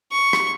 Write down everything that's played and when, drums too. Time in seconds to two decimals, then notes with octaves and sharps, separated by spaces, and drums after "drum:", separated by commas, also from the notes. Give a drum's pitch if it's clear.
0.11 C#6
0.33 drum: rim click